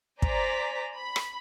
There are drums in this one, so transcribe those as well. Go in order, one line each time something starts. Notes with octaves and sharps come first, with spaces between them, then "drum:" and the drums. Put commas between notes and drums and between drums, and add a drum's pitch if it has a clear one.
C5 D5 G#5 A#5 B6, drum: kick
B5
drum: rim click